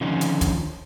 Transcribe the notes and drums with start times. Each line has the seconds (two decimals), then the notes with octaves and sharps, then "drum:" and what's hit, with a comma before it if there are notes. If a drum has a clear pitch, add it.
0.01 D3 D#3 F3 C#4 D#4
0.21 drum: hi-hat
0.41 drum: kick, hi-hat